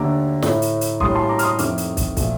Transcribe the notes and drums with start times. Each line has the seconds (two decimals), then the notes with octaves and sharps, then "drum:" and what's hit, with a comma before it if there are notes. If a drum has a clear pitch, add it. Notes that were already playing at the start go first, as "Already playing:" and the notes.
Already playing: D#2 D3 A3 A#5 D6
0.42 A2 A3, drum: snare
0.62 drum: hi-hat
0.81 drum: hi-hat
1.00 A2 G3 A#3 C6 D#6, drum: kick
1.15 A5 C6
1.29 A#5 D6
1.39 F6, drum: hi-hat
1.43 C6 D#6
1.59 F2 D#3 A3 D6 F6, drum: hi-hat
1.78 drum: hi-hat
1.97 drum: kick, hi-hat
2.17 A#2 F3 A3, drum: kick, hi-hat